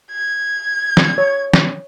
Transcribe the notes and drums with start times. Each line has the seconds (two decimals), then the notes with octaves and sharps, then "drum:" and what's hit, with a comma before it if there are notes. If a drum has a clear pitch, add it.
0.12 G#6
0.97 drum: snare
1.18 C#5
1.53 drum: snare